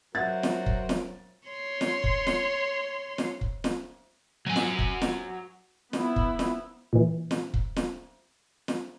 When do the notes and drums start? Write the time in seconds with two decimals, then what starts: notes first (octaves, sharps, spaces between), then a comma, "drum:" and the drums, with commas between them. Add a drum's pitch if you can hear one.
0.15 F#3 F#4 A#4 C5 E5 F#5 G6 A6
0.43 drum: snare
0.66 drum: kick
0.89 drum: snare
1.49 C#5 C6
1.81 drum: snare
2.04 drum: kick
2.27 drum: snare
3.18 drum: snare
3.41 drum: kick
3.64 drum: snare
4.46 F#3 G#5
4.56 drum: snare
4.79 drum: kick
5.02 drum: snare
5.93 B3 E4, drum: snare
6.16 drum: kick
6.39 drum: snare
6.93 A#2 E3
7.31 drum: snare
7.54 drum: kick
7.76 drum: snare
8.68 drum: snare